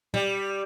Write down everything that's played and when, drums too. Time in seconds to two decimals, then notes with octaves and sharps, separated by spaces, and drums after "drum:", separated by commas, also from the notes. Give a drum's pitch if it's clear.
0.14 G3, drum: tom